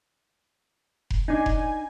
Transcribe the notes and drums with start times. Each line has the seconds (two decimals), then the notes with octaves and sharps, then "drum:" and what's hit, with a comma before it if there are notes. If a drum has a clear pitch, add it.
1.10 drum: kick F1
1.28 D4 D#4 G#5
1.46 drum: kick F1